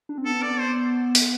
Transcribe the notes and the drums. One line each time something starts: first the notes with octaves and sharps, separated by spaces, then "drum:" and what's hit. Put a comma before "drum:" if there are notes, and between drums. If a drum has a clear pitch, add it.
D4
C4
B3 A4
D5
C5
drum: open hi-hat